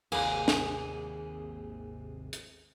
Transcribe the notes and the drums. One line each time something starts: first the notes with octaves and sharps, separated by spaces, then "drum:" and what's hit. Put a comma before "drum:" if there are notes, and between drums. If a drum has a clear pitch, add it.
G#1 D#2 G#2 C3 A#3 G#4, drum: cymbal
drum: snare
drum: hi-hat